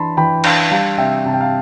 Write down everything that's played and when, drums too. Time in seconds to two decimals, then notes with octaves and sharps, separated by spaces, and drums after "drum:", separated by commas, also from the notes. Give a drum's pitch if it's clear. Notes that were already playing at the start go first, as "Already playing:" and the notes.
Already playing: E3 D4 A5 B5 C6
0.17 E3 G5 B5
0.44 D4 F5 A5, drum: cymbal
0.71 G3 F5 A5
0.98 C3 E5 G5
1.25 C3 A5
1.34 G5
1.41 F5 A5